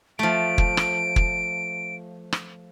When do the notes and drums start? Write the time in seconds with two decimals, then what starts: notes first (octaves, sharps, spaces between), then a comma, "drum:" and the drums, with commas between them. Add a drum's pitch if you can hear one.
0.19 F3 A3 D7
0.58 drum: kick
0.77 drum: rim click
1.16 drum: kick
2.33 drum: rim click